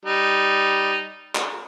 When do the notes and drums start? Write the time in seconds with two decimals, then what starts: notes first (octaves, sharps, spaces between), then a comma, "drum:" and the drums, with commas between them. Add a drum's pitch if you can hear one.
0.05 G3 D#4
1.35 drum: clap